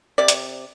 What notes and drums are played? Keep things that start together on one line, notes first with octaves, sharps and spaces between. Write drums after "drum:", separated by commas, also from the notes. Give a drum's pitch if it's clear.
C3 D5
drum: hi-hat